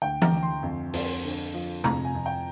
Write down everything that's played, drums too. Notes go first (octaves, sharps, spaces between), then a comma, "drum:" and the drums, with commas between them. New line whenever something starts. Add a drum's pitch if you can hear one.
D2 G5
A#5, drum: tom E3
D2
C6
F2
F2, drum: open hi-hat
D3
F3
F2 A#5, drum: tom C3
G#5
F2
G5